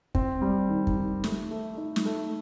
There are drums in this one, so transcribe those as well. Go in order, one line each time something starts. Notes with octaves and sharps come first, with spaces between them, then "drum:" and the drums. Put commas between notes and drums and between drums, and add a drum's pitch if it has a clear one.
C4, drum: kick
G3
D#3
drum: kick
D#3
A3, drum: snare
A3
D#4
drum: snare
A3